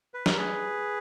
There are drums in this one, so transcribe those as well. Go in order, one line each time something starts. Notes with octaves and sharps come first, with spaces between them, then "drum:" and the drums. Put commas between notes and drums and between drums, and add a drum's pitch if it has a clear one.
B4
A#4, drum: snare
G#4 B4